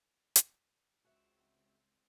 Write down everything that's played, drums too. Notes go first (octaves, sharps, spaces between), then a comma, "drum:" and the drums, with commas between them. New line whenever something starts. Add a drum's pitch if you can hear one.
drum: hi-hat
C#2 C4 F#4 E5